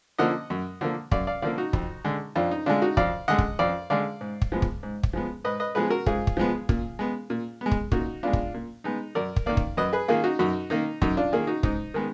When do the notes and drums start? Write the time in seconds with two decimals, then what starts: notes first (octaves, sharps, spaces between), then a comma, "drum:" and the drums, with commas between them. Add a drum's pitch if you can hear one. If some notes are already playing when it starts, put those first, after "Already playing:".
0.18 D3 F3 A#3 D#5 F#5
0.50 F#2
0.81 D3 F3 A#3
1.11 F#2 D5 F5, drum: kick
1.27 D5 F5
1.42 D3 F3 A#3 D5 F5
1.58 D#4 F#4
1.73 F2, drum: kick
2.04 D3 G#3
2.35 F2 D4 F4
2.51 D#4
2.66 D3 G#3 D4 F4
2.82 D#4 F#4
2.97 F2 D5 F5, drum: kick
3.28 D3 G#3 D#5 F#5
3.38 drum: kick
3.59 F2 D5 F5
3.90 D3 G#3 D5 F5
4.21 G#2
4.42 drum: kick
4.52 F3 G#3 B3
4.62 drum: kick
4.83 G#2
5.03 drum: kick
5.13 F3 G#3 B3
5.44 G#2 B4 D#5
5.60 B4 D#5
5.75 F3 G#3 B3 G#4 B4
5.90 F#4 A#4
6.06 G#2 F4 G#4, drum: kick
6.27 drum: kick
6.37 F3 G#3 B3
6.69 A#2, drum: kick
6.99 G#3 B3
7.30 A#2
7.61 G#3 B3
7.71 drum: kick
7.92 A#2 D#4 F#4, drum: kick
8.23 G#3 B3 D4 F4
8.33 drum: kick
8.54 A#2
8.84 G#3 B3 D#4
9.15 F#2 A#4 D5
9.36 drum: kick
9.46 D#3 A#3 D5 F5
9.57 drum: kick
9.77 F#2 B4 D#5
9.93 G#4 B4
10.08 D#3 A#3 F4 G#4
10.24 D#4 F#4
10.39 F#2 D#4 F#4
10.70 D#3 A#3 D#4
11.02 F#2 D#4, drum: kick
11.17 D4 F4
11.32 D#3 A#3 F4 G#4
11.47 D#4 F#4
11.63 G#2 D#4, drum: kick
11.94 D#3 G#3 B3